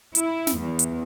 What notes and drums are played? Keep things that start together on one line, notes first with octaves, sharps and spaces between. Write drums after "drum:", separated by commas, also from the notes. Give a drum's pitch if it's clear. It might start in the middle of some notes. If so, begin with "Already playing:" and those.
E4, drum: hi-hat
drum: snare
E2
drum: hi-hat